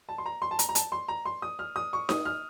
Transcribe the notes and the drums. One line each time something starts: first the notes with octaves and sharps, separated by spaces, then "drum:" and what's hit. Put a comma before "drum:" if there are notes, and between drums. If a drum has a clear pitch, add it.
A5
C6
A#5
C6
A5
A#5, drum: hi-hat
A#5
A5, drum: hi-hat
C6
A#5
C6
D#6
F6
D#6
C#6
D#6, drum: snare D#4
F6